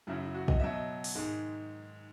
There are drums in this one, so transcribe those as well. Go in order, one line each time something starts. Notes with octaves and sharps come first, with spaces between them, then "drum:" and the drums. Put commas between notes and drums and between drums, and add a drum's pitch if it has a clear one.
F#2 C#3 F#3 E4
E4
F#4
D#5, drum: kick
B2 F#3 E5
D#5
drum: open hi-hat
G#2 D#3 G#3